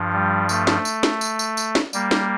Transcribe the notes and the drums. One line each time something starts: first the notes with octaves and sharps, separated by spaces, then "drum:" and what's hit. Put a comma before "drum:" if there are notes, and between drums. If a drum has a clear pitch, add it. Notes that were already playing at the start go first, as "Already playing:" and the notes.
Already playing: G2 F3
G3
A3, drum: tambourine
drum: snare
drum: tambourine
drum: snare
drum: tambourine
drum: tambourine
drum: tambourine
drum: snare
G3 A#3, drum: tambourine
drum: snare